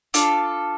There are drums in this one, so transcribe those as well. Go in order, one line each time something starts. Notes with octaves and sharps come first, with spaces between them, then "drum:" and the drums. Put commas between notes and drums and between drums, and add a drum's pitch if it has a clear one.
D4 F4 A4, drum: hi-hat